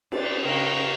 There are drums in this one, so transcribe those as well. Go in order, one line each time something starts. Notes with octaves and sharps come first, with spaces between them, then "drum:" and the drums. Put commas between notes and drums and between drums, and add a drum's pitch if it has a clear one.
D5 A6, drum: cymbal
C#3 A#4 D#5 F5 G5 C#6